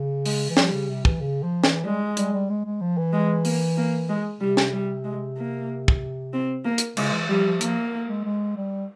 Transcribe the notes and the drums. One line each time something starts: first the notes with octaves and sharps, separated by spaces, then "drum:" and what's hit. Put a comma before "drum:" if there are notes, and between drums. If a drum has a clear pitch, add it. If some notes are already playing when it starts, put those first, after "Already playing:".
Already playing: C#3
G#3, drum: open hi-hat
E3
F3 G3, drum: snare
C#3
C3
E3, drum: kick
C#3
F3
E3, drum: snare
G3 G#3
G3, drum: hi-hat
G3
G#3
G#3
F3
E3
G#3
A#3, drum: open hi-hat
A#3
G#3
C3 G3
drum: snare
G3
G#3
A#3
drum: kick
C4
A#3
drum: hi-hat
C#3 G#3, drum: cymbal
E3
F3 G3
F3
F3 A#3, drum: hi-hat
G#3
G#3
G3